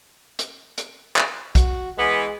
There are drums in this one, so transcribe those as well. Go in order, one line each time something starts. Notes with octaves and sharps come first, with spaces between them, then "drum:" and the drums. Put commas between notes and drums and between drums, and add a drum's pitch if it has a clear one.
drum: hi-hat
drum: hi-hat
drum: clap
F#4, drum: kick, hi-hat
E3 G#3 B3